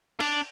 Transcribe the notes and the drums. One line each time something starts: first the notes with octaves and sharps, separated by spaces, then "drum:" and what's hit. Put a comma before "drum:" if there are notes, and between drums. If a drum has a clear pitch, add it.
D4, drum: cymbal